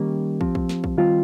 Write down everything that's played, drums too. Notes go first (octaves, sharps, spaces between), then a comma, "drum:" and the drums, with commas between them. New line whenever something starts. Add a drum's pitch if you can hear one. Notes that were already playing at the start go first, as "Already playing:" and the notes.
Already playing: D#3 G3 A#3 C#4 G4
F3 C4, drum: kick
drum: kick
drum: snare
drum: kick
D#3 G3 C4 F4